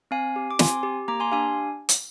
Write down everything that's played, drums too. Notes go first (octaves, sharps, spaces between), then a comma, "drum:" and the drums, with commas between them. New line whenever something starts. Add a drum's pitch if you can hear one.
C4 F5 G#5
G4
D6
C4 G#5 C6, drum: snare
G4
A#3 A#5 D6
G#5 C6
D4 G4 F5 G#5
drum: hi-hat